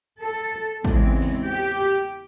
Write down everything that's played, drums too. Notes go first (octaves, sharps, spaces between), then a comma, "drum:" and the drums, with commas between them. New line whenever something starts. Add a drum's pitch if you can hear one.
A4
E2 C#3 E3 G#3 C4, drum: kick
drum: open hi-hat
G4